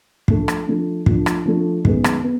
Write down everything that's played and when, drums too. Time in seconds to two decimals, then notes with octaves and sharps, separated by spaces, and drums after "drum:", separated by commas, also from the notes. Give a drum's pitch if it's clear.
0.28 F3 A3 D4, drum: kick
0.48 drum: rim click
0.67 F3 A3 D4
1.06 F3 A3 D4, drum: kick
1.26 drum: rim click
1.45 F3 A3 D4
1.85 F#2 D#3 G#3 B3, drum: kick
2.04 drum: rim click
2.23 B3